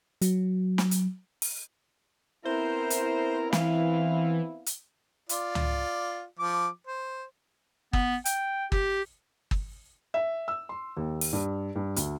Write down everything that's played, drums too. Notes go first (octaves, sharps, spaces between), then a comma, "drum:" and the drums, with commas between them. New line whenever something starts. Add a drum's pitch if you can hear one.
F#3, drum: hi-hat
drum: snare
drum: hi-hat
drum: open hi-hat
B3 C4 E4 A#4 C5
drum: hi-hat
E3 F5, drum: snare
drum: hi-hat
F4 D5, drum: hi-hat
drum: tom
F3 D6
C5
B3, drum: kick G1
G5, drum: hi-hat
G4, drum: kick G1
drum: kick G1
E5
E6
C6
D#2
drum: open hi-hat
G2
G2
D2, drum: hi-hat